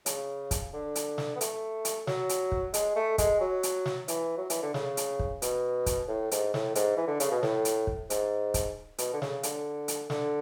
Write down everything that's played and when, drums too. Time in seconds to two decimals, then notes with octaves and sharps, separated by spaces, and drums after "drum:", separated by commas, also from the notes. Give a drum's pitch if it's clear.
0.06 C#3, drum: hi-hat
0.51 drum: kick, hi-hat
0.73 D3
0.95 drum: hi-hat
1.18 drum: snare
1.36 B3
1.41 A3, drum: hi-hat
1.85 drum: hi-hat
2.07 F#3, drum: snare
2.29 drum: hi-hat
2.52 drum: kick
2.74 G#3, drum: hi-hat
2.96 A3
3.18 G#3, drum: kick, hi-hat
3.41 F#3
3.63 drum: hi-hat
3.86 drum: snare
4.08 E3, drum: hi-hat
4.38 F#3
4.50 E3, drum: hi-hat
4.62 D3
4.74 C#3, drum: snare
4.97 drum: hi-hat
5.19 drum: kick
5.42 B2, drum: hi-hat
5.86 drum: kick, hi-hat
6.08 A2
6.31 G#2, drum: hi-hat
6.54 A2, drum: snare
6.75 G#2, drum: hi-hat
6.97 E3
7.07 D3
7.20 C#3, drum: hi-hat
7.31 B2
7.43 A2, drum: snare
7.65 drum: hi-hat
7.87 drum: kick
8.10 G#2, drum: hi-hat
8.54 drum: kick, hi-hat
8.98 B2, drum: hi-hat
9.13 D3
9.22 C#3, drum: snare
9.43 D3, drum: hi-hat
9.88 drum: hi-hat
10.10 D3, drum: snare